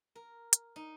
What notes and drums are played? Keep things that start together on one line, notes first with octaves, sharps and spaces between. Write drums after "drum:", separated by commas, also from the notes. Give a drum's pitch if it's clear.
A#4
drum: hi-hat
D#4